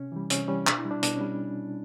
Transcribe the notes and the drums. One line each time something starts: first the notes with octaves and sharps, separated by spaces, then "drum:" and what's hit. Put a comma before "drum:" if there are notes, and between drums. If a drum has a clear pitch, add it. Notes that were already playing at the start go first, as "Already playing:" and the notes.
Already playing: C3 C#4
E3 G3
C3 C#4, drum: hi-hat
E3 G3 C#4
B2 D4, drum: clap
E4
G3
D4
B2 D4, drum: hi-hat
C#4
G3